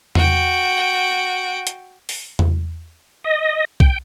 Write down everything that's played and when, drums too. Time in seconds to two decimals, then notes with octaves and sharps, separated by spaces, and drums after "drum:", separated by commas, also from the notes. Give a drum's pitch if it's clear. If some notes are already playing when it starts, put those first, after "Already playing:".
0.15 F#4 G5, drum: tom E2
1.67 drum: hi-hat
2.09 drum: open hi-hat
2.39 drum: tom E2
3.24 D#5
3.80 G5, drum: kick